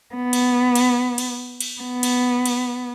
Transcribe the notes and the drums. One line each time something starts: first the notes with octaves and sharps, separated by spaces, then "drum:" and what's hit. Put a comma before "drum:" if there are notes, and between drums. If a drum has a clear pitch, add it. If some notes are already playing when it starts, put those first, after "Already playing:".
B3
drum: cymbal
drum: cymbal
drum: cymbal
drum: cymbal
B3
drum: cymbal
drum: cymbal